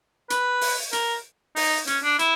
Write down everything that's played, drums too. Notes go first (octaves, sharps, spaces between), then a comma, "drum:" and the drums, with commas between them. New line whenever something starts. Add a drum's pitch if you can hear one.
B4, drum: hi-hat
drum: open hi-hat
A#4, drum: hi-hat
D#4, drum: open hi-hat
C#4, drum: hi-hat
D4
E4, drum: hi-hat